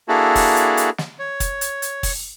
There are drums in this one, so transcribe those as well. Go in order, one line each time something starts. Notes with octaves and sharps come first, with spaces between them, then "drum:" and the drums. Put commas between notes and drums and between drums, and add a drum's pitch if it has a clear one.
A#3 D4 E4 F#4 G#4 A4
drum: kick, open hi-hat
drum: hi-hat
drum: hi-hat
drum: snare
C#5
drum: kick, hi-hat
drum: hi-hat
drum: hi-hat
drum: kick, open hi-hat